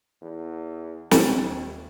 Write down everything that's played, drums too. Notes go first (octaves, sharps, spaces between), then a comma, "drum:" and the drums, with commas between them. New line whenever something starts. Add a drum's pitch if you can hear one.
E2
D#1 D#2 D4 A6, drum: snare